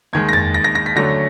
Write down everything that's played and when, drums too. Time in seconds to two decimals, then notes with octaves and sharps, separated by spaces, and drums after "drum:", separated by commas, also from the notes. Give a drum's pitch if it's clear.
0.13 D#2 D#3 G#3 G#6
0.29 A#6
0.33 A6, drum: tom F2
0.54 A#6
0.64 A#6
0.75 A#6
0.86 B6
0.96 D3 F#3 A3 C#4 A#6